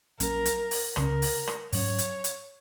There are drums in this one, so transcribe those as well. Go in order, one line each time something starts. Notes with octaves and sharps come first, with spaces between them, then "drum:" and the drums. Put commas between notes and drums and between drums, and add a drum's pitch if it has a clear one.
A#1 A#2 F#3 C#4 A#4, drum: hi-hat
drum: hi-hat
drum: open hi-hat
C#2 C#3 G#3 C#4 A#4, drum: rim click
drum: open hi-hat
drum: rim click
G#2 F#3 C#4 C#5, drum: open hi-hat
drum: hi-hat
drum: hi-hat